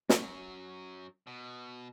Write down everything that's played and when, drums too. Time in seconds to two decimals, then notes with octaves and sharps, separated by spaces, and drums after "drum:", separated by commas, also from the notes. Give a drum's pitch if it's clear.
0.09 F#2 F#3, drum: snare
1.27 B2